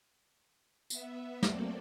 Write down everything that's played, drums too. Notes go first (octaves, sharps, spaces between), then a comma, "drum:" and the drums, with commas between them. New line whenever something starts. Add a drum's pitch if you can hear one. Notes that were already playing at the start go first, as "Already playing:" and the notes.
B3 E5, drum: tambourine
F#3 A3 A#3 C4 A4 D5, drum: snare